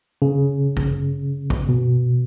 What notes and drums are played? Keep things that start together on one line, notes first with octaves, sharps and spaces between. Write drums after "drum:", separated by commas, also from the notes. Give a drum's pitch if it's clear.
C#3
drum: kick G#1
drum: kick G#1
B2